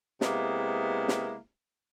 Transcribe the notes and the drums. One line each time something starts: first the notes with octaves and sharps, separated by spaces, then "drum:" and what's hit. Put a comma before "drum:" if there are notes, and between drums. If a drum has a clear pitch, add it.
C3 G#3 A#3 B3 E4, drum: snare
drum: snare